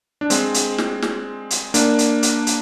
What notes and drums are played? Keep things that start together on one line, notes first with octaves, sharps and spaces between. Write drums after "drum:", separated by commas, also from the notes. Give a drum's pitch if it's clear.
D4
G#3 C4, drum: hi-hat
drum: hi-hat
drum: snare
drum: snare
drum: hi-hat
A#3 D4, drum: hi-hat
drum: hi-hat
drum: hi-hat
drum: hi-hat